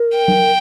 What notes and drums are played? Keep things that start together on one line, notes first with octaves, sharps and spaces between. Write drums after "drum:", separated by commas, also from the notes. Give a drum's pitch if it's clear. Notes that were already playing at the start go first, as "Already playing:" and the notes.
Already playing: A#4
G5
drum: tom F#3